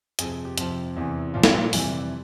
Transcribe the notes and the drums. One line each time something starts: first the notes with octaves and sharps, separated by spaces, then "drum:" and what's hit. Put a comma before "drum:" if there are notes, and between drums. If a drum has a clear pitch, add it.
F2 C3 F3 G#4, drum: hi-hat
G#4
G4
F2 C3 F3 G4, drum: hi-hat
E2 C3 E3
A#2 F3 F4
drum: snare
F2 C3 E3 G3, drum: open hi-hat